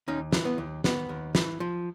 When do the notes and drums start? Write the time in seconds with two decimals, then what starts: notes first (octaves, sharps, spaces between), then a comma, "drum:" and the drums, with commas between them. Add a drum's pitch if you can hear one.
0.08 D#2 C#4 D#4
0.33 E3, drum: snare
0.45 B3
0.58 D#2
0.84 D#2 B3, drum: snare
1.09 D#2
1.35 E3, drum: snare
1.60 F3